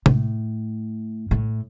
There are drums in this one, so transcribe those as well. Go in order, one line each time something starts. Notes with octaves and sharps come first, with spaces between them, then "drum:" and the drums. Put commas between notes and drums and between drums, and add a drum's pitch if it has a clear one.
A2, drum: tom C3
A2